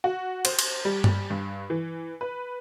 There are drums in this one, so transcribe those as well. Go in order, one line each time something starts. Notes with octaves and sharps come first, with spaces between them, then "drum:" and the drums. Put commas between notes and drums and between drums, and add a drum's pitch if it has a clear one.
F#4
C5, drum: cymbal
drum: cymbal
G3
drum: tom G2
G2
E3
B4